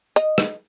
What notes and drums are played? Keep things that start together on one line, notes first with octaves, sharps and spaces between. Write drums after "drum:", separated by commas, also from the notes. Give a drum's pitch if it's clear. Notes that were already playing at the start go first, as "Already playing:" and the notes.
D#5, drum: hi-hat
drum: rim click